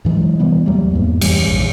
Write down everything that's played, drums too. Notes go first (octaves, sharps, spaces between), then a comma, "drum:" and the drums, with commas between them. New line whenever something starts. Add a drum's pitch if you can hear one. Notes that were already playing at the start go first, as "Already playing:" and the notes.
G2 E3 F#3 G#3
C3 E3 G3 B3
D#2 F#3 G3 A3
E2 G#2 A#3
F2 G#2 E3 G3, drum: cymbal
A#1